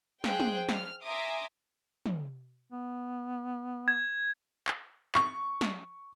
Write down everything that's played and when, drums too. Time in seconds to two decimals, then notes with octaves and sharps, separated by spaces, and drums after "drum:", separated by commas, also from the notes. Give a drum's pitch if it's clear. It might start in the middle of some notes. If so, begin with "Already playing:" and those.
0.24 G#4 C5 F5 G5 F#6, drum: snare
0.40 drum: tom
0.69 F6, drum: snare
1.02 E5 G#5 A#5 C6 D6 D#6
2.06 drum: tom
2.72 B3
3.88 G#6
4.68 drum: clap
5.15 C#6, drum: clap
5.61 drum: snare